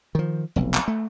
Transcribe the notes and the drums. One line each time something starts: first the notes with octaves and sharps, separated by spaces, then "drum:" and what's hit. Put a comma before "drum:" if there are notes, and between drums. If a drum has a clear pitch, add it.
D#3 F3
F1 B1
drum: clap
A3